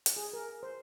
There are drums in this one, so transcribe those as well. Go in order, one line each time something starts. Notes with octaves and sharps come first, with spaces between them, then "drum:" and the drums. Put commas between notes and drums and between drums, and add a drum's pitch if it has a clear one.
drum: hi-hat
G#4
A#4
C5